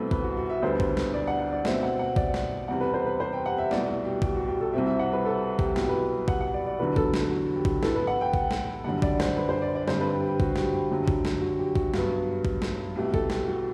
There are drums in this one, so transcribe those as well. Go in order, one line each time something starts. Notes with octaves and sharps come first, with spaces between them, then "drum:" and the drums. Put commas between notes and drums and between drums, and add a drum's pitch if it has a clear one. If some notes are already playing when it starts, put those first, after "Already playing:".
Already playing: C2 B2 A3 C4 A4 B4
B4, drum: kick A1
F#4
F#4
E5
D2 D3 G3 B3 C5
drum: kick A1
drum: snare
D5
F#5
F#5
D5
B2 A3 C4 E5, drum: snare
F#5
F#5
D5, drum: kick A1
drum: snare
E2 C3 G3 F#5
B4
C5
B4
C5
G5
F#5
E5
C2 B2 A3 D5, drum: snare
F#4
G4
G4, drum: kick A1
F#4
G4
A4
C2 C3 G3 C4 E5
E5
F#5
B4
A4
G4, drum: kick A1
C2 B2 F#3 G4, drum: snare
B4
F#5, drum: kick A1
F#5
D5
D5
E2 D3 F#3 B4
A4, drum: kick A1
drum: snare
F#4
G4
drum: kick A1
A2 E3 B3 A4, drum: snare
B4
F#5
G5
drum: kick A1
drum: snare
F#2 D3 G3 F#5
D5, drum: kick A1
C5, drum: snare
B4
C5
D5
D5
G2 D3 G3 C4 C5, drum: snare
B4
G4
G4
F#4, drum: kick A1
G4, drum: snare
G4
F#2 D3 F#3
drum: kick A1
drum: snare
F#4
G4
F#4, drum: kick A1
G2 F#3 B3, drum: snare
drum: kick A1
drum: snare
C2 B2 A3 G4
A4, drum: kick A1
G4, drum: snare
F#4